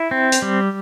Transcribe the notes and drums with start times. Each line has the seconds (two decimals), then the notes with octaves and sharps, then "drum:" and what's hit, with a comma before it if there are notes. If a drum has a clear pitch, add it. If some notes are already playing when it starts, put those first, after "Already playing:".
Already playing: E4
0.11 C4
0.32 drum: hi-hat
0.42 G3